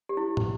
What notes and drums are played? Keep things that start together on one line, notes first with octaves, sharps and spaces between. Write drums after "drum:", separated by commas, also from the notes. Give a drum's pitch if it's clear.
G4
E4
drum: tom